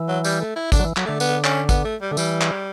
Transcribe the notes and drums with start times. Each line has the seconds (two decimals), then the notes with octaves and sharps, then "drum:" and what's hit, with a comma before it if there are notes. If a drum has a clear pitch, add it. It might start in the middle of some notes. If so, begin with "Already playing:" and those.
Already playing: E3
0.08 F#3
0.24 G3, drum: tambourine
0.41 A3
0.56 E4
0.72 D3 D4, drum: kick G#1, tambourine
0.80 F#3
0.85 E3
0.97 F#3, drum: clap
1.05 D3 A3
1.20 B3, drum: tambourine
1.44 C#4, drum: clap
1.69 B3, drum: kick G#1, tambourine
1.84 A3
2.02 G3
2.11 D3 A3
2.17 E3 G3, drum: tambourine
2.41 drum: clap